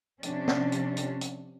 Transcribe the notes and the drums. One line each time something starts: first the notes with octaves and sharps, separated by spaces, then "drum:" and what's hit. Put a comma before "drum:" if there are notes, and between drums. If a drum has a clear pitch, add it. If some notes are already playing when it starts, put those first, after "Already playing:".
C3 F3 C#4 D4, drum: hi-hat
drum: snare
drum: hi-hat
drum: hi-hat
drum: hi-hat